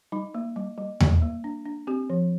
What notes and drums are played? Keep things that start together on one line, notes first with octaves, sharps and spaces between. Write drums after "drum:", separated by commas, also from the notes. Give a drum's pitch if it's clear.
G3 D#4
A#3
G3
G3
G3, drum: tom E2
A#3
D4
D4
C4 G4
F3